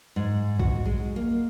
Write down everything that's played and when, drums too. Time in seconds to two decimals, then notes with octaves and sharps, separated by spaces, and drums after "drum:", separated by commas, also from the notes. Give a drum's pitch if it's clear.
0.16 G#2
0.59 F#4, drum: kick A#1
0.85 G#3
1.16 A#3